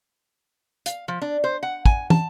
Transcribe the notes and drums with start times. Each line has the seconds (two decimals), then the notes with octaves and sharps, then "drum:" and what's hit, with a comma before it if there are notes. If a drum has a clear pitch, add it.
0.86 F5, drum: hi-hat
1.08 F3
1.22 D4
1.44 C5
1.63 F#5
1.86 G#5, drum: kick
2.10 A5, drum: tom